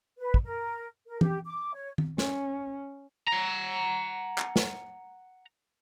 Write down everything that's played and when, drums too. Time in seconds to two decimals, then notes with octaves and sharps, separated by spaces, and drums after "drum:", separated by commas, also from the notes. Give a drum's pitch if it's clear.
0.18 B4
0.34 drum: kick
0.44 A#4
1.07 A#4
1.21 G4, drum: tom E3
1.45 D6
1.74 C#5
1.98 drum: tom
2.18 C#4, drum: snare
3.28 F#5 A#5
4.38 drum: clap
4.56 drum: snare